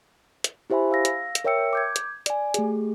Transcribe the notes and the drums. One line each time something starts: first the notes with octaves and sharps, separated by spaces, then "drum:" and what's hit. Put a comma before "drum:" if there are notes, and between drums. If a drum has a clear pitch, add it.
drum: hi-hat
E4 G4 C5 E5 G#5 B5
F5 E6 A#6
drum: hi-hat
drum: hi-hat
A#4 C#5 E5 G5 E6 C#7
D6 G6 G#6
drum: hi-hat
D5 G#5, drum: hi-hat
A3 G4 G#4, drum: hi-hat